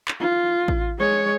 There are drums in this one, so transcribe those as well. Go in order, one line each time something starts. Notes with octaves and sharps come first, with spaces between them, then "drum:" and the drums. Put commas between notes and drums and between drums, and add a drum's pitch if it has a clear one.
drum: clap
F4
drum: kick A1
G#3 C#5